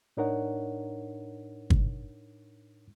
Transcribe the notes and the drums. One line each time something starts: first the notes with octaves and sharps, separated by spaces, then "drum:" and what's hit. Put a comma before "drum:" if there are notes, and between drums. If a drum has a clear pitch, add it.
A2 D4 D#4 A#4 C#5 F#5
drum: kick G1